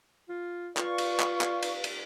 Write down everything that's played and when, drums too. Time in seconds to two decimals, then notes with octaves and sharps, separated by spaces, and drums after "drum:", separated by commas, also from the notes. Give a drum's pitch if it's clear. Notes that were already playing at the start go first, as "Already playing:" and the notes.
0.29 F4
0.77 F4 B4 D5 F5 C#6, drum: clap
0.98 drum: cymbal
1.20 drum: clap
1.41 drum: clap
1.62 drum: cymbal
1.84 drum: cymbal